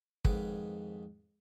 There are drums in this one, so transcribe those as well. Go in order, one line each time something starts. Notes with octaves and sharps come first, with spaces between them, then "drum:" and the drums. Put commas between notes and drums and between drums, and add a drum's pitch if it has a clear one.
F2 G#2 D#3 G#4 B4 D6, drum: kick